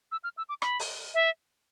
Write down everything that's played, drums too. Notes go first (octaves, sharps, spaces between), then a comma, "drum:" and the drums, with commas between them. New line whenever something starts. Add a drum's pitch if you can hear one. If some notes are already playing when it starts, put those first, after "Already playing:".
E6
F6
E6
D6
B5, drum: rim click
drum: open hi-hat
E5